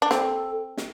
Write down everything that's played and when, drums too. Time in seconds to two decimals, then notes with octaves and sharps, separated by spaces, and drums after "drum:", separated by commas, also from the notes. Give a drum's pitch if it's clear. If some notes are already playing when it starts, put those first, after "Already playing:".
0.02 D4
0.11 C4 A4, drum: snare
0.77 drum: snare